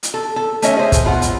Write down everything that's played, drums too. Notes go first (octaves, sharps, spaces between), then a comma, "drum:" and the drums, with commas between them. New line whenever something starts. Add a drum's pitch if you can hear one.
drum: hi-hat
A4
A4
A3 C#4 C#5 D#5 E5, drum: hi-hat
G#4 C5 E5
drum: kick, hi-hat
B2 F4 F#5
drum: hi-hat